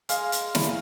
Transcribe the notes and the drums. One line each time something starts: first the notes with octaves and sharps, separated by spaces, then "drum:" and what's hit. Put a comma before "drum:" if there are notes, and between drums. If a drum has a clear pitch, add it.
G#3 F5, drum: hi-hat
drum: hi-hat
E4, drum: snare